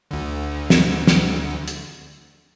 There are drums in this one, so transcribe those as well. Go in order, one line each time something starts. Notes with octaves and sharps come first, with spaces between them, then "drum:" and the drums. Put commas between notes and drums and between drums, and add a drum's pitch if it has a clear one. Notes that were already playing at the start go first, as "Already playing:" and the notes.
D2 D3
drum: snare
drum: snare
drum: hi-hat